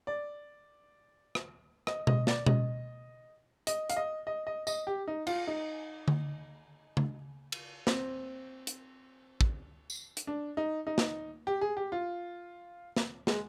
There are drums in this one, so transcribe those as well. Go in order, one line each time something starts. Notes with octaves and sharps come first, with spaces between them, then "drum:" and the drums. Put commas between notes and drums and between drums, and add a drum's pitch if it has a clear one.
D5
drum: rim click
D#5, drum: rim click
D#5, drum: tom B2
D5, drum: snare
D#5, drum: tom B2
D#5, drum: hi-hat
F5, drum: hi-hat
D#5
D#5
D#5
D#5, drum: tambourine
G4
D#4
F4, drum: cymbal
D#4
drum: tom D3
drum: tom C#3
drum: cymbal
C4, drum: snare
drum: hi-hat
drum: kick
drum: tambourine
drum: hi-hat
D4
D#4
D#4
drum: snare
G4
G#4
G4
F4
drum: snare
G#3, drum: snare